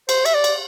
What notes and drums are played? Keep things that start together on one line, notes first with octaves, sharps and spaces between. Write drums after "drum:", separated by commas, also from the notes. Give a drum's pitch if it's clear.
C5, drum: cymbal
E5, drum: cymbal
D5
drum: cymbal